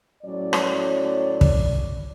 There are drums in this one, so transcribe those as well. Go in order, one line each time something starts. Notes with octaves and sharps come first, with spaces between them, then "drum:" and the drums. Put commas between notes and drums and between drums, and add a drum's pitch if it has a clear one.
A2 F#3 C#4 D5
drum: rim click
drum: kick